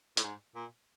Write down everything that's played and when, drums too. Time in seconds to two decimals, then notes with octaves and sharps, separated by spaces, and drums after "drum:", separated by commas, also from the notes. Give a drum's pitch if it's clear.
0.17 A2, drum: hi-hat
0.23 G#2
0.55 A#2